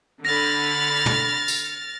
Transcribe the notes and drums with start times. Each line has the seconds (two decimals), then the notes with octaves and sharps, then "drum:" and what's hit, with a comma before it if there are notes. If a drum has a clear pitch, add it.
0.25 D3 B5 F6 A6 A#6
1.06 drum: tom
1.48 drum: tambourine